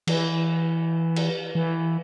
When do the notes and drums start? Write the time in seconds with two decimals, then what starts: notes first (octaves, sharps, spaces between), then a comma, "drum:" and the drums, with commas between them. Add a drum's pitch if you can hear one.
0.07 E3, drum: cymbal
1.16 drum: cymbal
1.55 E3